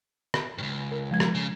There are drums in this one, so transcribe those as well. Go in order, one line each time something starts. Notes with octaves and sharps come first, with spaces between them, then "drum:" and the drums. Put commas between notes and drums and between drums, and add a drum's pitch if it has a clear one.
drum: rim click
C#2 G2
A#4
F3 G#3 G#6
drum: rim click
C#3